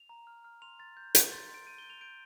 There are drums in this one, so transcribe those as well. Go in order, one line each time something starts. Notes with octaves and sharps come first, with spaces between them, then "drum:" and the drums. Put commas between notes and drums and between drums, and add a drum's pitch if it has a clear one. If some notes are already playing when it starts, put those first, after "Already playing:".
Already playing: F7
A#5
F6
F6
C6 F7
C6 A6
G6
G6, drum: hi-hat
C6 A6
C6
D7
G6 D#7
G7
G6
F7
G6 D7